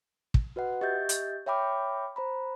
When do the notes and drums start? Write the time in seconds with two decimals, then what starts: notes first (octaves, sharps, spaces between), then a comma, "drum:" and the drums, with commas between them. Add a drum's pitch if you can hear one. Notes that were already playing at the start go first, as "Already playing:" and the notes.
0.34 drum: kick
0.56 F#4 B4 D#5 F#5
0.81 G4 D#5 E5 G6 A6
1.09 drum: hi-hat
1.46 C#5 E5 G5 B5 D6 F6
2.16 C5 A#5 B5